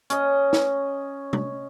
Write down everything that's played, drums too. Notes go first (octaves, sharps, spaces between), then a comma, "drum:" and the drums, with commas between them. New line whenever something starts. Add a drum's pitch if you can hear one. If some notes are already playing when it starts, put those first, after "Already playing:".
C#4 D#5, drum: hi-hat
drum: snare
drum: tom